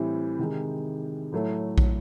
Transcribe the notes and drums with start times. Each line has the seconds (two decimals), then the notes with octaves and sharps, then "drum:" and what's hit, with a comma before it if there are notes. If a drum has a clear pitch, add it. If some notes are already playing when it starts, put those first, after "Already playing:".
Already playing: A2 E3 G3 C4
0.39 C3 D#3 G#3
1.32 A2 F#3 A3
1.78 drum: kick